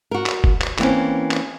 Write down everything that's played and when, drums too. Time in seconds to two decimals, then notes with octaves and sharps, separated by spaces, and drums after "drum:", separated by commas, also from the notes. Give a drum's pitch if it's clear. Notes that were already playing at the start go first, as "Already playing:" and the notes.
0.11 F#4 A#4
0.26 drum: clap
0.44 drum: kick F#1
0.61 drum: clap
0.79 E3 A#3 C4 C#4, drum: clap
1.31 drum: clap